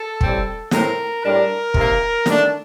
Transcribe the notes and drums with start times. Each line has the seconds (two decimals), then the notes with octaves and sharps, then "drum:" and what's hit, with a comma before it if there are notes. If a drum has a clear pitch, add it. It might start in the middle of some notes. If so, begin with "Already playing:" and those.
Already playing: A4
0.21 A2 G3 C4, drum: kick
0.71 A2 A3 C4 A#4, drum: snare
1.23 A2 G3 D4 A#4
1.74 C3 D#3 A#3, drum: kick
2.26 D#3 A3 D4, drum: snare